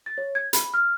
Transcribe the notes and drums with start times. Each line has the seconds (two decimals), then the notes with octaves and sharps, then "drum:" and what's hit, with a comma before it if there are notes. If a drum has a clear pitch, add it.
0.06 A6
0.18 C#5
0.35 G#6
0.53 B5, drum: hi-hat
0.74 F6